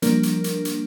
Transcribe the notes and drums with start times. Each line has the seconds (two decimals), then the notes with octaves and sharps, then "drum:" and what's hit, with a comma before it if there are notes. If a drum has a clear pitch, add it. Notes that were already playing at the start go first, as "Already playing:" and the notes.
0.02 F3 G3 A#3 D4 A#4, drum: hi-hat
0.23 drum: hi-hat
0.44 drum: hi-hat
0.65 drum: hi-hat